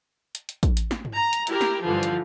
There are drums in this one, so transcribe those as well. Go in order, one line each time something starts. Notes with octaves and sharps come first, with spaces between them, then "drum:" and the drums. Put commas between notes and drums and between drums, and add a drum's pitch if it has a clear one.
drum: hi-hat
drum: hi-hat
drum: kick, hi-hat
drum: hi-hat
drum: snare
drum: tom
A#5
drum: hi-hat
E4 G4 A#4, drum: hi-hat
drum: snare
G2 D3 E3 F3
drum: hi-hat